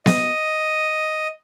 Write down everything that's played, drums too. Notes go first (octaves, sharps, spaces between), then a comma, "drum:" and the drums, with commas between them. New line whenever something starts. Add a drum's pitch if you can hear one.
D#5, drum: snare B3